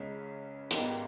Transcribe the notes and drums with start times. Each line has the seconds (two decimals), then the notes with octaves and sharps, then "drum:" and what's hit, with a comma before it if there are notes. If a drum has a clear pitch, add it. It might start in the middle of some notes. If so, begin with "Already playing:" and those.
Already playing: C#2 C#3 G#3 C#4
0.71 G#1 G#2 D#3 G3 B3, drum: hi-hat